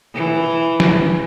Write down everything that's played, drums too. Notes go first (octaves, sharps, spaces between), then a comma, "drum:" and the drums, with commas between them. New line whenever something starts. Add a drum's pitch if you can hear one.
E3
drum: snare